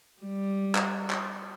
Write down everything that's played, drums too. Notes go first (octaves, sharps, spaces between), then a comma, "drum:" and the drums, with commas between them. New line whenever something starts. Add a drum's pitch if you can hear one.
G3
drum: clap
drum: clap